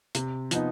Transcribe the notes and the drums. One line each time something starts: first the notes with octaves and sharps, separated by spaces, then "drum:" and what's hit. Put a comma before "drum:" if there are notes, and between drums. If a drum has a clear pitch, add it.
C3, drum: hi-hat
F3 B3 D#4, drum: hi-hat